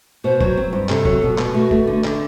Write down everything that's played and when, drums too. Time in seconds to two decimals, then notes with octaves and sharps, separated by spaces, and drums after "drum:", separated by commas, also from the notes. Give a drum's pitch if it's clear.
0.24 B2 C5
0.41 F#3, drum: kick
0.57 C4
0.73 G2
0.89 C3 A4, drum: clap
1.05 F#3, drum: kick
1.22 B2
1.38 B2, drum: clap
1.54 A3 F#4
1.71 A3, drum: kick
1.87 D3
2.04 D3, drum: clap